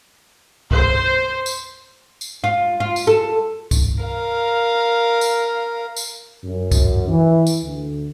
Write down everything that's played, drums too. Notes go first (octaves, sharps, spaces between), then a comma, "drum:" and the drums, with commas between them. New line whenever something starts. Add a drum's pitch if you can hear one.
C5, drum: kick C#2
drum: tambourine
drum: tambourine
F4
F4
drum: tambourine
A4
drum: kick C#2, tambourine
A#4 F5
drum: tambourine
drum: tambourine
F#2
drum: kick C#2, tambourine
E3
drum: tambourine
D2